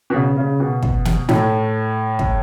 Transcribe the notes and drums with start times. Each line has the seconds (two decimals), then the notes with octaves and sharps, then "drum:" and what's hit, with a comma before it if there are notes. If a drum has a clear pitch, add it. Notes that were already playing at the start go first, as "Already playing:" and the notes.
0.10 B2
0.14 C#3
0.37 C#3
0.60 B2
0.83 drum: kick
1.05 drum: snare
1.29 A2, drum: snare
2.19 drum: kick